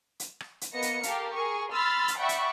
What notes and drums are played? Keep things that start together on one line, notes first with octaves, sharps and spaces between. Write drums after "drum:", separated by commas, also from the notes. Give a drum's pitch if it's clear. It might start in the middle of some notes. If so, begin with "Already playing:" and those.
drum: hi-hat
drum: rim click
drum: hi-hat
A#3 B3 D#5 A#6 C#7
drum: hi-hat
G4 A4 A#4 F5, drum: hi-hat
G#4 A#4 C#6
B5 C6 E6 F6 A6
drum: hi-hat
D5 E5 F#5 G5 B5 C#6
drum: hi-hat